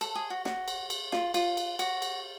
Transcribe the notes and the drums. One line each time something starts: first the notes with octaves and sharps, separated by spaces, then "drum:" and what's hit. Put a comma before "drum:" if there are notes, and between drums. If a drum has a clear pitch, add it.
A4, drum: cymbal
G#4
F#4
F#4, drum: snare
drum: cymbal
drum: cymbal
F4, drum: snare
F4, drum: cymbal
drum: cymbal
F#4, drum: cymbal
drum: cymbal